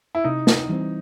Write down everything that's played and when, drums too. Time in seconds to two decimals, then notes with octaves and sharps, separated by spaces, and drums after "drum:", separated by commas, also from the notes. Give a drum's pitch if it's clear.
0.15 E4
0.24 C3 D#4
0.47 drum: snare
0.69 E3 G3 C4